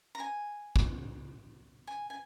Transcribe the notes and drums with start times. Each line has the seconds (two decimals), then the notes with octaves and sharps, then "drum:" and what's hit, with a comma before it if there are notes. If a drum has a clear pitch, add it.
0.15 A#5
0.20 G#5
0.76 drum: kick
1.87 G#5
2.10 G#5